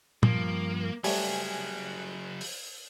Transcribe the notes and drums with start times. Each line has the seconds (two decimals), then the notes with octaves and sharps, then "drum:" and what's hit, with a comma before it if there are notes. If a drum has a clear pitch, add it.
0.23 G2 F3 A#3, drum: tom
1.04 F#3 G3 A3 G#4 G#5, drum: open hi-hat
2.41 drum: open hi-hat